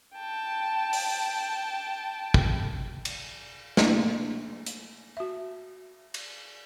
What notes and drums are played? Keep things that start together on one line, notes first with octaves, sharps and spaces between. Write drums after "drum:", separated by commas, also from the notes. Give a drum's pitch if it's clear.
G5 A5
drum: open hi-hat
drum: kick
drum: cymbal
A3 A#3 D4 E4, drum: snare
drum: hi-hat
F#4 E5
drum: cymbal